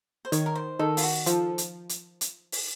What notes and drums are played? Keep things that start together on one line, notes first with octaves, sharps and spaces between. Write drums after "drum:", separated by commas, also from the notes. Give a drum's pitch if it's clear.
C5
D#3 C#5, drum: hi-hat
A#4
C5
D#3 A4
F4, drum: open hi-hat
F#4
F3 A4, drum: hi-hat
drum: hi-hat
drum: hi-hat
drum: hi-hat
drum: open hi-hat